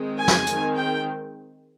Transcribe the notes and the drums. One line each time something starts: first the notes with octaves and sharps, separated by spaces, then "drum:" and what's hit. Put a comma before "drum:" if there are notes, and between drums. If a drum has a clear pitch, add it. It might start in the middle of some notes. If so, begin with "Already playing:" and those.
Already playing: D#3 G#3 C4
G#5
drum: snare
D#3 G#3 C4, drum: hi-hat
G5